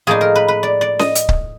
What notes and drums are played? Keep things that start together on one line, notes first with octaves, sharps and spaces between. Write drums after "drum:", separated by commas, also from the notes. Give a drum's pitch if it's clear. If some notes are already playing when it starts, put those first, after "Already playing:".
A2 F3 A#3 D#4 G#4
A#4
B4
B4
D5
D5
D#5, drum: snare C#4
drum: hi-hat
drum: kick C#1